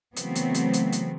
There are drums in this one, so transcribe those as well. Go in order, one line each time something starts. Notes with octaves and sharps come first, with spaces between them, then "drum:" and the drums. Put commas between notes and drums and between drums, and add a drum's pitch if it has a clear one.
C#3 E3 F#3 A3 B3 C4, drum: hi-hat
drum: hi-hat
drum: hi-hat
drum: hi-hat
drum: hi-hat